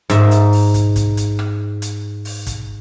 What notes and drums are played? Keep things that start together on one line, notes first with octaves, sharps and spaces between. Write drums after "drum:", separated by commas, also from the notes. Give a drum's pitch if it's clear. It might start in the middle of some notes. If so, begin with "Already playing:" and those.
G#2 E5, drum: hi-hat
drum: hi-hat
drum: open hi-hat
drum: kick, hi-hat
drum: kick, hi-hat
drum: hi-hat
drum: rim click
drum: hi-hat
drum: open hi-hat
drum: kick, hi-hat